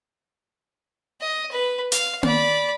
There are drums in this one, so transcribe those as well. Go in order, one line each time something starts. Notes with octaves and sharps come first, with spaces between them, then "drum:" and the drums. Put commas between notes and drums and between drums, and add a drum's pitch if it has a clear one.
D#5
B4
F5, drum: hi-hat
D5 B5, drum: tom A#3